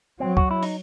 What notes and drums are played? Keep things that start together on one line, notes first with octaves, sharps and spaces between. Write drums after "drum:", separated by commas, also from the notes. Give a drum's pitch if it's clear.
F#3 C4
F#4, drum: kick
E4
D#4, drum: open hi-hat